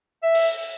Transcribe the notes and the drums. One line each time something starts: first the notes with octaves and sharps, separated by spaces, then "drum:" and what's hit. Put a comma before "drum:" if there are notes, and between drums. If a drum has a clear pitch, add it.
E5
drum: open hi-hat